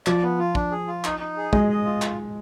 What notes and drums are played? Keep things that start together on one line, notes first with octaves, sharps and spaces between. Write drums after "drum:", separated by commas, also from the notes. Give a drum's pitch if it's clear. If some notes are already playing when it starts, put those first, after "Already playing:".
F3 D5, drum: clap
B3
F4
D4, drum: kick
G#4
F4
D#4, drum: clap
D#4
G#4
G#3 D#5, drum: kick
D#5
F4
drum: clap